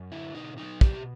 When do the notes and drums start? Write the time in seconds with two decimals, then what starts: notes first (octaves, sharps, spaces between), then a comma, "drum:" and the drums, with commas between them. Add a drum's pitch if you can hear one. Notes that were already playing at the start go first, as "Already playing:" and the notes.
Already playing: F#2
0.12 D3 E4
0.35 B2 D#4
0.58 F#3 D#4
0.81 B2 G4, drum: kick